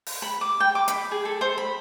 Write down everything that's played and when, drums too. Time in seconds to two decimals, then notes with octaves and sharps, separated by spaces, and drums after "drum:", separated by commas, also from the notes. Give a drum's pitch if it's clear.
0.06 drum: open hi-hat
0.22 B5
0.41 D6
0.60 G5
0.75 D6
0.88 B5, drum: hi-hat
1.11 G#4
1.25 A4
1.41 C5
1.58 B5